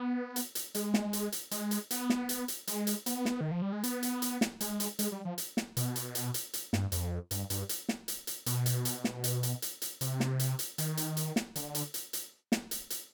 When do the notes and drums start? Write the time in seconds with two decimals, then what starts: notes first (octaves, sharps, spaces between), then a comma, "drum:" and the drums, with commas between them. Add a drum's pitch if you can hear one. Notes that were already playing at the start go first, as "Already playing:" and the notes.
Already playing: B3
0.36 drum: hi-hat
0.55 drum: hi-hat
0.75 G#3, drum: hi-hat
0.94 drum: snare
1.13 drum: hi-hat
1.32 drum: hi-hat
1.51 G#3, drum: hi-hat
1.71 drum: hi-hat
1.91 B3, drum: hi-hat
2.10 drum: snare
2.29 drum: hi-hat
2.48 drum: hi-hat
2.67 G#3, drum: hi-hat
2.87 drum: hi-hat
3.06 B3, drum: hi-hat
3.25 drum: snare
3.41 D#3
3.51 F3
3.62 G3
3.73 G#3
3.84 B3, drum: hi-hat
4.03 drum: hi-hat
4.22 drum: hi-hat
4.41 drum: snare
4.60 G#3, drum: hi-hat
4.80 drum: hi-hat
4.99 G#3, drum: hi-hat
5.12 G3
5.25 F3
5.38 drum: hi-hat
5.57 drum: snare
5.77 B2, drum: hi-hat
5.96 drum: hi-hat
6.15 drum: hi-hat
6.34 drum: hi-hat
6.53 drum: hi-hat
6.73 G2, drum: snare
6.92 F2, drum: hi-hat
7.31 G2, drum: hi-hat
7.50 G2, drum: hi-hat
7.69 drum: hi-hat
7.89 drum: snare
8.08 drum: hi-hat
8.27 drum: hi-hat
8.46 B2, drum: hi-hat
8.66 drum: hi-hat
8.85 drum: hi-hat
9.04 drum: snare
9.24 drum: hi-hat
9.43 drum: hi-hat
9.62 drum: hi-hat
9.82 drum: hi-hat
10.01 C3, drum: hi-hat
10.20 drum: snare
10.39 drum: hi-hat
10.59 drum: hi-hat
10.78 D#3, drum: hi-hat
10.97 drum: hi-hat
11.17 drum: hi-hat
11.36 drum: snare
11.56 D3, drum: hi-hat
11.75 drum: hi-hat
11.94 drum: hi-hat
12.13 drum: hi-hat
12.52 drum: snare
12.71 drum: hi-hat
12.90 drum: hi-hat